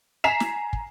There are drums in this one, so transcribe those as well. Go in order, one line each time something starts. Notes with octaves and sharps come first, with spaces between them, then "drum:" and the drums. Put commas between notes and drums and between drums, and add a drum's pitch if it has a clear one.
G#5 A#5 B6 C7 E7 F7
drum: snare
drum: kick